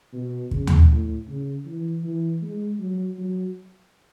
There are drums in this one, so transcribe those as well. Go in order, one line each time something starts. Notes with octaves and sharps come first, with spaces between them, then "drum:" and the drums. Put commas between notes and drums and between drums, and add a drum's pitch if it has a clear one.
B2
C#3, drum: kick
drum: tom D#2
A2
C#3
E3
E3
G#3
F#3
F#3